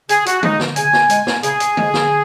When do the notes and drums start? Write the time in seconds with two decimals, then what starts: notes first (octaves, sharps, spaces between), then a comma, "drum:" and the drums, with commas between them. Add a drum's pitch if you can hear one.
0.09 C#3 G#4, drum: hi-hat
0.26 F#4, drum: hi-hat
0.43 G#3 D#4, drum: tom D3
0.60 drum: snare
0.76 C#3 G#5, drum: hi-hat
0.93 drum: snare
1.10 G#3, drum: hi-hat
1.27 drum: snare
1.43 C#3 G#4, drum: hi-hat
1.60 drum: hi-hat
1.77 G#3, drum: tom D3
1.94 drum: snare